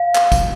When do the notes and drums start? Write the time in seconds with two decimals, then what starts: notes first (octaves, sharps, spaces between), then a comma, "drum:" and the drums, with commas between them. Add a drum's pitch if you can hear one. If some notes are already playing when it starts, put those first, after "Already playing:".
Already playing: F5
0.15 drum: clap
0.32 drum: kick, tambourine